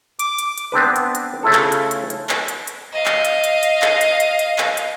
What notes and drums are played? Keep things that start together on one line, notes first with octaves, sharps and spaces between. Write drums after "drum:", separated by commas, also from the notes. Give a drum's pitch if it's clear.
D6, drum: hi-hat
drum: hi-hat
drum: hi-hat
B3 C4 D4 B4
drum: hi-hat
drum: hi-hat
C#3 A3 E4 F4 A4
drum: clap
drum: hi-hat
drum: hi-hat
drum: hi-hat
drum: clap
drum: hi-hat
drum: hi-hat
D#5 F5
drum: clap
drum: hi-hat
drum: hi-hat
drum: hi-hat
drum: clap
drum: hi-hat
drum: hi-hat
drum: hi-hat
drum: clap
drum: hi-hat